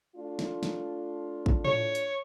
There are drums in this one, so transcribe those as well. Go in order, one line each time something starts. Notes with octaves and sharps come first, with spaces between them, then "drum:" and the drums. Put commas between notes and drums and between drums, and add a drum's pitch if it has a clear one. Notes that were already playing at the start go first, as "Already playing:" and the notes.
A3 D4 F4
drum: snare
drum: snare
drum: kick
C#5, drum: tom A2
drum: hi-hat